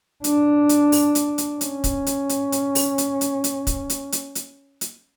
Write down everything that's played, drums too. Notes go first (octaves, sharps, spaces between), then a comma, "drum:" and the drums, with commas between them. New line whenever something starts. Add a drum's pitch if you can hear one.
D4, drum: hi-hat
drum: hi-hat
drum: open hi-hat
drum: hi-hat
drum: hi-hat
C#4, drum: hi-hat
drum: kick, hi-hat
drum: hi-hat
drum: hi-hat
drum: hi-hat
drum: open hi-hat
drum: hi-hat
drum: hi-hat
drum: hi-hat
drum: kick, hi-hat
drum: hi-hat
drum: hi-hat
drum: hi-hat
drum: hi-hat